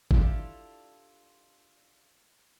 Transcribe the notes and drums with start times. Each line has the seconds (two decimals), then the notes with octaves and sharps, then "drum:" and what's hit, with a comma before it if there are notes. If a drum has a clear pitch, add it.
0.11 D4 E4 F4 G4 A4 D5, drum: kick G1